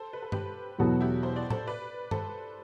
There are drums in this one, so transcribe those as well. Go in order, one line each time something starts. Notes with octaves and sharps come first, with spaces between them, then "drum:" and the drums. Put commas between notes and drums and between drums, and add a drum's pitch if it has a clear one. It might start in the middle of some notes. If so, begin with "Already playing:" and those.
Already playing: A4 C5
B4
A4
G4 B4, drum: tom G2
E2 B2 F#3 B3 F#4 A4
E4 G4
C5
D5
A4 C5, drum: tom A2
B4 D5
A4 C5, drum: tom G2